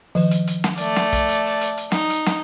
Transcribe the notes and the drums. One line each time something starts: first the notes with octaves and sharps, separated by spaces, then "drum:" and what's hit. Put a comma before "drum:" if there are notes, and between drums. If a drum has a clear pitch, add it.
D#3 F3, drum: open hi-hat
drum: hi-hat
drum: hi-hat
drum: snare
A3 D5, drum: hi-hat
drum: snare
drum: kick, hi-hat
drum: hi-hat
drum: open hi-hat
drum: hi-hat
drum: hi-hat
D#4, drum: snare
drum: hi-hat
drum: snare